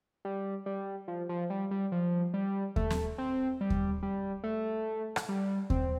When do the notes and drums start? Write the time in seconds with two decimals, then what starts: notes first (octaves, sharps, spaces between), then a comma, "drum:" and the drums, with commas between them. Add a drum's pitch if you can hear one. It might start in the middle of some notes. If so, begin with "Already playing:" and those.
0.25 G3
0.66 G3
1.08 F3
1.29 F3
1.50 G3
1.71 G3
1.92 F3
2.34 G3
2.76 A3, drum: kick D#2
2.90 drum: snare
3.18 C4
3.61 G3
3.70 drum: kick D#2
4.03 G3
4.44 A3
5.16 drum: rim click
5.29 G3
5.70 C4, drum: kick D#2